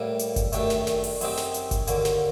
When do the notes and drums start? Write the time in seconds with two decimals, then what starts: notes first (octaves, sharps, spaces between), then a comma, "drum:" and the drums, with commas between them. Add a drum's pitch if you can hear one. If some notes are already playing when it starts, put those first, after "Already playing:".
Already playing: A2 G3 A#3
0.19 drum: hi-hat
0.36 drum: kick G1, hi-hat
0.52 F#2 D#3 A3 D4 G4, drum: hi-hat
0.70 drum: snare
0.87 drum: snare
1.04 drum: open hi-hat
1.21 F#2 F#3 C4 D#4 G4, drum: open hi-hat
1.37 drum: snare
1.54 drum: hi-hat
1.71 drum: kick G1, hi-hat
1.87 D#2 D3 F#3 A#3, drum: hi-hat
2.05 drum: snare